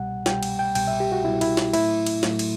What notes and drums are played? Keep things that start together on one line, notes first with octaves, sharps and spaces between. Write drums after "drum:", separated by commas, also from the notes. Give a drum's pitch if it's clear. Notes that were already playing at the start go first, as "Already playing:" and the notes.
Already playing: C2 B2 G3 F#5
C2 B2 G3 G5, drum: snare
drum: cymbal
G5
C2 B2 G3 G5, drum: cymbal
E5
G4
F#4
C2 B2 G3 E4
E4, drum: cymbal
drum: snare
A2 F#3 A3 E4, drum: cymbal
drum: cymbal
A2 F#3 A3, drum: snare
drum: cymbal